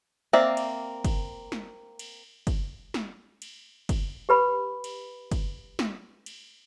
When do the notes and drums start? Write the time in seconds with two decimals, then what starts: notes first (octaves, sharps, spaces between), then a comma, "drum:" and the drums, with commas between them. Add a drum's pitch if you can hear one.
0.33 A#3 C4 D5 E5
0.57 drum: cymbal
1.05 drum: kick, cymbal
1.52 drum: snare
1.99 drum: cymbal
2.47 drum: kick, cymbal
2.94 drum: snare
3.42 drum: cymbal
3.89 drum: kick, cymbal
4.29 G4 B4 B5
4.84 drum: cymbal
5.31 drum: kick, cymbal
5.79 drum: snare
6.26 drum: cymbal